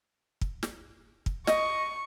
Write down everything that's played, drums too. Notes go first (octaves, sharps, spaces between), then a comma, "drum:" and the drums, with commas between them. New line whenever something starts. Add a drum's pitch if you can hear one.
drum: kick
drum: snare
drum: kick
D#5 C#6, drum: snare